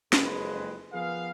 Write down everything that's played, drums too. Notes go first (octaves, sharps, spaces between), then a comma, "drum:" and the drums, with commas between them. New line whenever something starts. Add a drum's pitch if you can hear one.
F#1 F2 G#3 B4, drum: snare
F3 B3 G#4 A#4 B4 F5